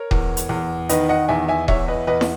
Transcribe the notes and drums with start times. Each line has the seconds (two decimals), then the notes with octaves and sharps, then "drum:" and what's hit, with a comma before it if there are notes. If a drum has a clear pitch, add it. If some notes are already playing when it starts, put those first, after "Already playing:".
Already playing: A#4 C#5
0.11 E2, drum: kick D#1
0.37 drum: hi-hat
0.49 E2
0.89 D#3 B4 D#5, drum: hi-hat
1.09 D#5 F#5
1.28 E2 E5 G#5
1.48 E5 G#5
1.68 E2 C#5 E5, drum: kick D#1
1.88 B4 D#5
2.07 E2 B4 D#5
2.21 drum: snare